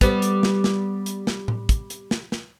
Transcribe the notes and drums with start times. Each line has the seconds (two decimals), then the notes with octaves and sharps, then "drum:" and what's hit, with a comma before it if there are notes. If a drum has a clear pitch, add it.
0.01 G3 B3, drum: kick, hi-hat
0.22 drum: hi-hat
0.43 drum: snare
0.64 drum: snare
1.06 drum: hi-hat
1.27 drum: snare
1.48 drum: tom A2
1.69 drum: kick, hi-hat
1.90 drum: hi-hat
2.11 drum: snare
2.32 drum: snare